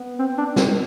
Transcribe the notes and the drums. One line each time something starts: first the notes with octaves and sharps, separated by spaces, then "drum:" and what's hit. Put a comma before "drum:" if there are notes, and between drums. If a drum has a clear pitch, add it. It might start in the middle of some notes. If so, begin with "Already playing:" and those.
Already playing: B3
C4
D4
C4, drum: snare